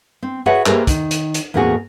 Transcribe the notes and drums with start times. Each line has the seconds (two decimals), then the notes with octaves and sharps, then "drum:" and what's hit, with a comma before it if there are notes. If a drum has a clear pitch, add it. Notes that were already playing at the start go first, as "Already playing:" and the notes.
0.23 C4
0.46 F#4 G#4 B4 C#5 E5 F#5
0.66 A#3 G4 G#4 A#4 C5, drum: clap
0.87 D#3, drum: kick, hi-hat
1.11 drum: hi-hat
1.34 drum: hi-hat
1.54 E2 A2 A#3 C4 F#4 G#4